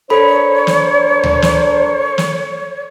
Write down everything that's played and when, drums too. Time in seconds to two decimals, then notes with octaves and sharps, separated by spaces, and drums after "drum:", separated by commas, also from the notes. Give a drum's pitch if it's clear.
0.10 D4 A4 A#4 C5 C#5 B5
0.67 drum: snare
1.23 drum: tom D2
1.42 drum: snare
2.18 drum: snare